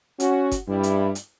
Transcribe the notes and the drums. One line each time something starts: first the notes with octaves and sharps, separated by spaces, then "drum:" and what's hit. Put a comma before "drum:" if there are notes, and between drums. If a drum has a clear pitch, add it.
C#4 F#4, drum: hi-hat
drum: kick F#1, hi-hat
G2 G3 E4
drum: hi-hat
drum: hi-hat